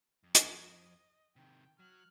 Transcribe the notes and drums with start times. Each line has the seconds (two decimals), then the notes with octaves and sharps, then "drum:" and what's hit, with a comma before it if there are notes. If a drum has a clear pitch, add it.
0.23 F2
0.35 drum: hi-hat
0.67 D#5
1.36 C3 D#3 G5
1.79 F#3 F6 F#6